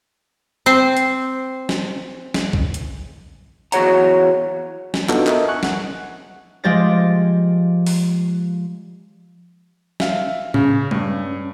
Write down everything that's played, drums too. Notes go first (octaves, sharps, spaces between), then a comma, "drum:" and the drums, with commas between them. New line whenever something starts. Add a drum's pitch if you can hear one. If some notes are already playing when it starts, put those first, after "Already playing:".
C4 C5
drum: hi-hat
drum: snare
drum: snare
drum: kick
drum: hi-hat
E2 F#4 G#4 C#5 F#5 A#5, drum: hi-hat
drum: snare
B3 D4 D#4 F4 F#4 A4, drum: clap
A#4 D#5 E5 A#5, drum: clap
G#5 C#6 F#6
F#5, drum: snare
F3 G#3 G4 D5 A6 A#6
drum: open hi-hat
E5 F5, drum: snare
C#3 C#4, drum: tom
G2, drum: tom G3